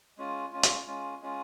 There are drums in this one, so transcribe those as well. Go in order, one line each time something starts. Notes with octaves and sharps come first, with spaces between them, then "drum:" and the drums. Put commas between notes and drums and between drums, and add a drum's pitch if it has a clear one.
G#3 C#4 F4
G#3 C#4 F4
drum: hi-hat
G#3 C#4 F4
G#3 C#4 F4